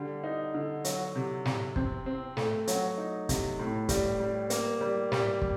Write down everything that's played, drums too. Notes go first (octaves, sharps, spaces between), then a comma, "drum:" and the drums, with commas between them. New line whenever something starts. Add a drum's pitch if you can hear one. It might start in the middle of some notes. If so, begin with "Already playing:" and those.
Already playing: D3 G3
D#4
D3
F#3, drum: hi-hat
C3
C3, drum: snare
C4, drum: kick
C4
A3, drum: snare
F#3, drum: hi-hat
D#4
C3, drum: kick, hi-hat
A2
G3, drum: kick, hi-hat
G3
A#3, drum: hi-hat
G3
G3, drum: snare
drum: kick